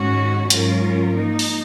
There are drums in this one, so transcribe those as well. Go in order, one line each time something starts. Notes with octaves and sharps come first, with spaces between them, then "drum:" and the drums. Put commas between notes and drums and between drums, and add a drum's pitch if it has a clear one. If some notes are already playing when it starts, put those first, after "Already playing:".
Already playing: G#2 D#3 G#3 C#4 F#4
G#2 F#3 C#4 F4 A#4, drum: hi-hat
F3 A#3 D#4
drum: open hi-hat